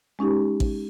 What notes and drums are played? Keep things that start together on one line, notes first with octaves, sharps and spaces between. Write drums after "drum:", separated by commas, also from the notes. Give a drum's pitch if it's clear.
G#3 C#4 D#4 G4
drum: kick A1